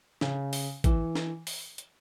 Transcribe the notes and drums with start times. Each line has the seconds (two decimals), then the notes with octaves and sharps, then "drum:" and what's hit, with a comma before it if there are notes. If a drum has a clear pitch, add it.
0.21 C#3, drum: snare
0.53 drum: open hi-hat
0.84 E3, drum: kick G#1, hi-hat
1.15 drum: snare
1.47 drum: open hi-hat
1.78 drum: hi-hat